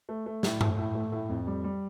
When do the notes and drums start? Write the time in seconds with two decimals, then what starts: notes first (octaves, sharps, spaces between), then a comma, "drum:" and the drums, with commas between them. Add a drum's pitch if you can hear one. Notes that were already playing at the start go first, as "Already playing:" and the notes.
0.09 A3
0.26 A3
0.43 A2, drum: snare
0.61 A3, drum: tom G2
0.78 A2
0.95 A3
1.12 A2
1.29 F2
1.47 G3
1.64 G3